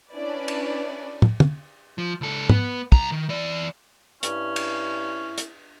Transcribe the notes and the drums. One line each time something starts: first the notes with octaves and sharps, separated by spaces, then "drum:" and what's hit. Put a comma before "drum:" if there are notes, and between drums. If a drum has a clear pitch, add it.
C#4 D4 E4 B4 D5
drum: cymbal
drum: tom
drum: tom
F3
C#2 A4
B3, drum: tom
C2 A#5, drum: kick
D#3
E3 D5
G2 C#4 E4, drum: hi-hat
drum: cymbal
drum: hi-hat